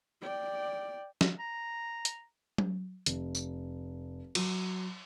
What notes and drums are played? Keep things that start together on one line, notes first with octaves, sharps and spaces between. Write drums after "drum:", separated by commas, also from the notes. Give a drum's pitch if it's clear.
D5 G5
drum: snare
A#5
drum: hi-hat
drum: tom F#3
F1, drum: hi-hat
drum: tambourine
F#3, drum: cymbal